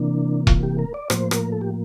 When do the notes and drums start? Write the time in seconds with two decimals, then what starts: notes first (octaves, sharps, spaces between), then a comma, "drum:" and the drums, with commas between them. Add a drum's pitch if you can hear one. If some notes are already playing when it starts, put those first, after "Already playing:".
Already playing: C3 E3 A#3 D4
0.47 F4, drum: kick E1
0.63 G4
0.79 A#4
0.94 D5
1.10 A2 F3 A#3 C5, drum: rim click
1.31 A#4, drum: rim click
1.52 A4
1.61 G4